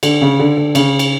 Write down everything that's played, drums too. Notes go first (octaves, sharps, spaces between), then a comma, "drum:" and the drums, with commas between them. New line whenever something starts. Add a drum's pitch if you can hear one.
D3, drum: cymbal
C#3
D3
D3
C#3, drum: cymbal
drum: cymbal